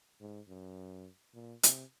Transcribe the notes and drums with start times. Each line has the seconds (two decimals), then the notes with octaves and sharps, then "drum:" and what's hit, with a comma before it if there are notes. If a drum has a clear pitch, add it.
0.20 G#2
0.48 F#2
1.34 A#2
1.63 C3, drum: hi-hat